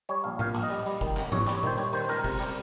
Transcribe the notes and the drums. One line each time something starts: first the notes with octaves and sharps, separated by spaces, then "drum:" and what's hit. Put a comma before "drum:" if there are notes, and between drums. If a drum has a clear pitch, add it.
G3 C#5
A#1 F5
A#2 F5, drum: tom A2
A#1, drum: hi-hat
D#5
G3, drum: hi-hat
G3, drum: hi-hat
D#3, drum: kick F#1
G#1, drum: clap
G2 C#5, drum: tom G#2
G3, drum: clap
C#5
D#3 C5, drum: tom A#2
G3 C#5, drum: hi-hat
D#3 C5, drum: hi-hat
C5
C#2 A#4, drum: hi-hat
C3, drum: kick F#1, open hi-hat
G3, drum: clap